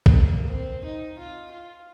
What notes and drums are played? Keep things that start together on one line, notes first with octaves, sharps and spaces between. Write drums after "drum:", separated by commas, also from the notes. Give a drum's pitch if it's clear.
drum: kick A#1
A#3
C4
D#4
F4
F4